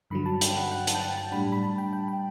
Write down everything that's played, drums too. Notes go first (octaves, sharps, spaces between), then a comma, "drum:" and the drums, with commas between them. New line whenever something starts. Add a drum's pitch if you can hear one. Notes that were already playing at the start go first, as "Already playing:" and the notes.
G2 D3 F#3 B5
A5
G5, drum: hi-hat
F#5
F#5
A5, drum: hi-hat
G5
A5
A5
A2 G3 D4 B5
B5
A5
G5
G5
G5